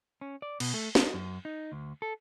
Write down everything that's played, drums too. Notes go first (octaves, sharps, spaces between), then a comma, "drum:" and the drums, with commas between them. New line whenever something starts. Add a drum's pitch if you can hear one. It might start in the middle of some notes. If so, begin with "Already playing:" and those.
C#4
D5
B2, drum: cymbal
A3
D#4, drum: snare
F#2
D#4
D2
A4